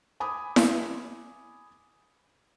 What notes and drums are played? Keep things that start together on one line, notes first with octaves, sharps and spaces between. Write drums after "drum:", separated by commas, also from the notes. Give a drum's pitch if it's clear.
G#5 B5 D6 D#6
drum: snare E4